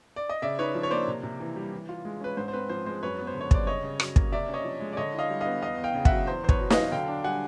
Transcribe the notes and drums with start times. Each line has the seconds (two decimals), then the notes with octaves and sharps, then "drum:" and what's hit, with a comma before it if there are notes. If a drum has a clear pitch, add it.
0.16 D5
0.29 D#5
0.42 C#3 D5 E5
0.59 D#4 B4 C#5
0.75 F3
0.83 C#5
0.91 A#3 C5 D5
1.07 C3
1.23 C3
1.40 E3
1.56 G3
1.72 E3
1.89 F4
2.05 G#3
2.21 C#4 B4
2.37 G#2 C5
2.48 C5
2.53 C4 B4
2.69 F3 C5
2.86 G#3 C5
3.03 F#2 B4 C#5
3.18 B3
3.27 C5
3.35 D3
3.41 C#5
3.51 G3 D5, drum: kick
3.67 C#3 C#5 D#5
3.83 C#3
4.00 F#3, drum: rim click
4.16 A#3, drum: kick
4.32 C3 D5 E5
4.49 C#4
4.54 C#5 D#5
4.64 F3
4.80 G#3
4.93 D5
4.97 D3 C#5 D#5
5.14 E4
5.19 D#5 F5
5.30 G3
5.41 B3 D#5 F5
5.62 E2 D#5 F5
5.78 E2
5.84 F5 G5
5.94 C#3
6.05 E5 F#5, drum: kick
6.11 F#3
6.27 E2 C5
6.43 E2 C5
6.49 B4 C#5, drum: kick
6.59 B2
6.70 D#5 F5, drum: snare
6.76 F#3
6.92 D3 F5 G5
7.08 D4
7.24 G3 F#5 G#5